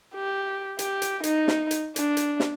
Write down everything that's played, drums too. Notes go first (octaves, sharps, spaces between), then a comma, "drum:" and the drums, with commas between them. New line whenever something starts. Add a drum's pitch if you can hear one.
G4
G4, drum: hi-hat
drum: hi-hat
D#4, drum: hi-hat
drum: snare
drum: hi-hat
D4, drum: hi-hat
drum: hi-hat
drum: snare